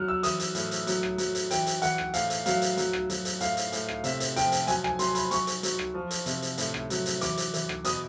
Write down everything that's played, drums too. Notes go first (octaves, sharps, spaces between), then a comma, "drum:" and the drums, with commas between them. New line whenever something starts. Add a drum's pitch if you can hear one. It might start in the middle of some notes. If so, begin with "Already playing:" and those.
Already playing: F#3 F6
E6
E3 D#6, drum: hi-hat
drum: hi-hat
A2, drum: hi-hat
drum: hi-hat
F#3, drum: hi-hat
drum: rim click
F#3, drum: hi-hat
drum: hi-hat
E3 G5, drum: hi-hat
drum: hi-hat
E3 F#5, drum: hi-hat
drum: rim click
A2 F5, drum: hi-hat
drum: hi-hat
F#3 F5, drum: hi-hat
drum: hi-hat
F#3, drum: hi-hat
drum: rim click
F#3, drum: hi-hat
drum: hi-hat
A2 F5, drum: hi-hat
drum: hi-hat
A2, drum: hi-hat
drum: rim click
C3 E5, drum: hi-hat
drum: hi-hat
F3 G5, drum: hi-hat
drum: hi-hat
F#3 G#5, drum: hi-hat
G#5, drum: rim click
F#3 C6, drum: hi-hat
B5, drum: hi-hat
F#3 C#6, drum: hi-hat
drum: hi-hat
F#3, drum: hi-hat
drum: rim click
F3
drum: hi-hat
C3, drum: hi-hat
drum: hi-hat
A2, drum: hi-hat
drum: rim click
F#3, drum: hi-hat
drum: hi-hat
E3 D6, drum: hi-hat
drum: hi-hat
E3, drum: hi-hat
drum: rim click
B2 D#6, drum: hi-hat